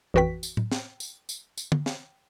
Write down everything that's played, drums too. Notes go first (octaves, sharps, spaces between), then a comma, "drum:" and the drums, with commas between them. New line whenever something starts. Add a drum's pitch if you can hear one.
A1 F2 F#4 B4 G5 B6
drum: tambourine
drum: tom A2
drum: snare
drum: tambourine
drum: tambourine
drum: tambourine
drum: tom
drum: snare